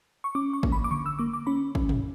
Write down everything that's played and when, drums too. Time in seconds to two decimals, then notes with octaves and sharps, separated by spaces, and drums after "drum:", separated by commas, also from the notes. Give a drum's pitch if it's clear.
0.24 C#6
0.35 C#4 D6
0.53 C#6
0.63 A#3, drum: kick
0.72 B5
0.84 D6
0.91 D3 C#6
1.06 E6
1.19 A#3 D6
1.34 D6
1.47 C#4 B5
1.75 C#4, drum: kick
1.89 drum: tom